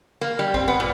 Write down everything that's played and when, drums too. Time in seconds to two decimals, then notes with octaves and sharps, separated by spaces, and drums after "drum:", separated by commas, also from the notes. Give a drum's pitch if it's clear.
0.21 A#3
0.39 G3
0.54 C4, drum: kick A1
0.68 B3
0.80 A#2